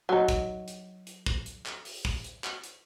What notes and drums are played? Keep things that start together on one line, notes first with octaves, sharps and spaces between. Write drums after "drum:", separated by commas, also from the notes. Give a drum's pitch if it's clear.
F#3 D#4
drum: kick, hi-hat
drum: hi-hat
drum: hi-hat
drum: kick
drum: hi-hat
drum: clap
drum: open hi-hat
drum: kick
drum: hi-hat
drum: clap
drum: hi-hat